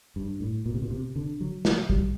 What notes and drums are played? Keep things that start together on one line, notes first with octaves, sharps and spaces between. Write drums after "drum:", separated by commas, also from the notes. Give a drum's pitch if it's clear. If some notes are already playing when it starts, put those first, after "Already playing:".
G2
A2
A#2
C3
A#2
C3
D3
F#3
F#3, drum: snare
G3, drum: kick